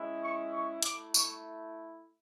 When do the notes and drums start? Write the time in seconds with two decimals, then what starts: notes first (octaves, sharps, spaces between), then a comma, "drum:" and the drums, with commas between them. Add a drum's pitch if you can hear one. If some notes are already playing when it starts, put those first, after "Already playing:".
Already playing: G#3 C#4 E4
0.22 C#6
0.52 C#6
0.83 A3 E4 D6, drum: hi-hat
1.14 C#6, drum: tambourine